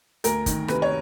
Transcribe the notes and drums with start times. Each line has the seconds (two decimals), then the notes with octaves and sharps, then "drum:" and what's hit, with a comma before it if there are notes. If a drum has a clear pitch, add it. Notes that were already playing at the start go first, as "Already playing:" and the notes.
0.24 D2 A#4, drum: hi-hat
0.46 D#3, drum: kick, hi-hat
0.68 C3 B4, drum: rim click
0.82 C#5